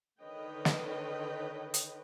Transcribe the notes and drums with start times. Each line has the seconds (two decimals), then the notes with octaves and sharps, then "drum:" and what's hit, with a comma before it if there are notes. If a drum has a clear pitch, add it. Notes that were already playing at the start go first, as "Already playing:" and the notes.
0.21 D3 D#3 B4 C#5 D#5 G5
0.65 drum: snare
1.74 drum: hi-hat